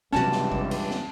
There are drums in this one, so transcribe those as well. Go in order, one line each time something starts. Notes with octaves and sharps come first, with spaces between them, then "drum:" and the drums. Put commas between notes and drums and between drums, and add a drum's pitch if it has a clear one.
C#2 G2 C3 E3 F#3 C#4 F#4 A5, drum: snare
drum: snare
drum: kick A1
drum: cymbal
drum: snare